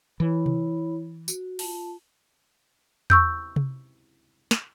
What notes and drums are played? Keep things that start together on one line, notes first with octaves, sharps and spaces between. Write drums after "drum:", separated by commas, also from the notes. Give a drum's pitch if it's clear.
E3 E4 C#5 B5
drum: tom C3
F#4, drum: tambourine
F4 A5, drum: open hi-hat
C#6 E6 G6, drum: tom E2
drum: tom C3
drum: snare